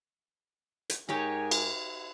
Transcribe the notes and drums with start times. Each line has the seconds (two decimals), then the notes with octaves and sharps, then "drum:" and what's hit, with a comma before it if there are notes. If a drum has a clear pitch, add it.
0.90 drum: hi-hat
1.09 G#2 D#4 G4 A#4 C#5 G#5
1.51 drum: cymbal